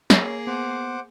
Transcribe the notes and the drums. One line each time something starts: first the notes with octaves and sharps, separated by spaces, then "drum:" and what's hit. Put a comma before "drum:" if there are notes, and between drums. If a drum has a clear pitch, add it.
A#3 G#4 C#5, drum: snare
B3 C5 F#5 D6